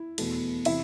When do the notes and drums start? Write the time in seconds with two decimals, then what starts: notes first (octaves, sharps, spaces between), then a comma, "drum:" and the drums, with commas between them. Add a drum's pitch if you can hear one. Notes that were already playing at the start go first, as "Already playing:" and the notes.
Already playing: E4
0.18 E2 B2 A3, drum: cymbal
0.65 C3 E3 E4 E5, drum: cymbal